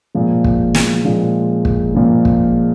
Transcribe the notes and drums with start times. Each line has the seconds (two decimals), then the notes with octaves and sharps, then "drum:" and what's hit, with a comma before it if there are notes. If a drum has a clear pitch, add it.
0.15 A#2 F3 G#3
0.44 drum: kick
0.74 drum: snare
1.05 A#2 F3 G#3
1.65 drum: kick
1.95 A#2 F3 G#3
2.25 drum: kick